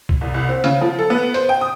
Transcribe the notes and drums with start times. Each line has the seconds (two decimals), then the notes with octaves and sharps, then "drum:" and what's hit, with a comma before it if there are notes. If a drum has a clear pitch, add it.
0.09 drum: kick B1
0.21 C2
0.34 C2
0.49 C4
0.64 C#3, drum: hi-hat
0.81 F3
0.99 A4
1.10 B3
1.34 C5, drum: hi-hat
1.49 G5
1.61 D#6